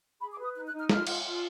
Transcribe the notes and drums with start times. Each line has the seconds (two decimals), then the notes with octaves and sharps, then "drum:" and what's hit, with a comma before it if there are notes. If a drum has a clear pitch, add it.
0.21 G#4 B5
0.33 D6
0.39 B4 D#6
0.55 D#4 F#6
0.67 F#6
0.72 D#4
0.79 F6
0.89 F4 F6, drum: snare
1.07 F4, drum: cymbal
1.24 F4